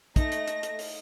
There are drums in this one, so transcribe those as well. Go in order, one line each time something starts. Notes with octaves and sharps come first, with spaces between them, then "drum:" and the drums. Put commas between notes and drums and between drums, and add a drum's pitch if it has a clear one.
A3 D#4 A#6, drum: kick, hi-hat
drum: hi-hat
drum: hi-hat
drum: hi-hat
drum: open hi-hat